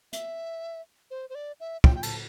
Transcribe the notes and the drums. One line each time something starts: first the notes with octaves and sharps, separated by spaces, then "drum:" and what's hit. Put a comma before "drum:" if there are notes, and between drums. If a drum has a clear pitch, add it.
E5, drum: hi-hat
C5
C5
D5
E5
G5, drum: kick
G5
A5, drum: cymbal